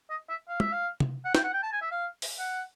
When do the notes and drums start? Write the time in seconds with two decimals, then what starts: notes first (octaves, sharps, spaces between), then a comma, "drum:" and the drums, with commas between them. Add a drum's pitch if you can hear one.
0.10 D#5
0.29 E5
0.48 F5
0.60 E5, drum: tom
0.72 F5
1.00 drum: tom C3
1.25 F#5
1.35 G5, drum: snare
1.44 F#5
1.53 G5
1.63 A5
1.72 G#5
1.82 E5
1.91 F5
2.22 drum: open hi-hat
2.39 F#5